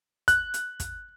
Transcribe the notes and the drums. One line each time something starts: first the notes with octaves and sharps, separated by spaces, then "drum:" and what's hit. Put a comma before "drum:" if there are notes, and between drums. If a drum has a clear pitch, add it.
F#6, drum: kick, hi-hat
drum: hi-hat
drum: kick, hi-hat